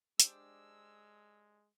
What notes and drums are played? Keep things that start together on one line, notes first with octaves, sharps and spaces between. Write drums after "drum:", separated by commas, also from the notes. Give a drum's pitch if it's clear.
G#3 D4 G4 C5 E6, drum: hi-hat